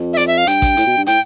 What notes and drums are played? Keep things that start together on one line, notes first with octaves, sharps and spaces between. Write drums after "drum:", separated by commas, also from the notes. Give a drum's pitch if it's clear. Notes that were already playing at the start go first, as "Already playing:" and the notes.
Already playing: F2
E5
D5, drum: hi-hat
E5
F5
G2 G5, drum: hi-hat
drum: kick A1, hi-hat
A2, drum: hi-hat
B2
G2
A2 G5, drum: hi-hat